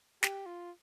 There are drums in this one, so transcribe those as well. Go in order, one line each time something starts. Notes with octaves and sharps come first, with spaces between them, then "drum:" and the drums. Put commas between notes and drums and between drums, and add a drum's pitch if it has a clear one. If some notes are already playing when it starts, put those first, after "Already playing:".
G4, drum: snare
F4